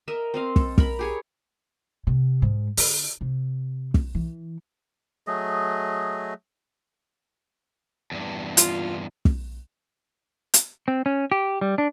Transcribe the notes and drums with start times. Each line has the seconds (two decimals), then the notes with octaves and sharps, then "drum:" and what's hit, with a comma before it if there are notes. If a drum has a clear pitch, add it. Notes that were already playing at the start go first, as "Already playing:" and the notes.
0.08 A#4 D#5 E5
0.34 C4 D#5 F5
0.56 A4, drum: kick
0.78 A#4 B5, drum: kick
0.99 G4 G#4 C#5
2.07 C3
2.42 G#2
2.77 D3, drum: open hi-hat
3.21 C3
3.94 drum: kick
4.15 E3
5.27 F#3 A3 G#4 D#5
8.12 E2 G2
8.57 F4, drum: hi-hat
9.25 drum: kick
10.54 drum: hi-hat
10.88 C4
11.06 C#4
11.32 G4
11.61 G3
11.78 D4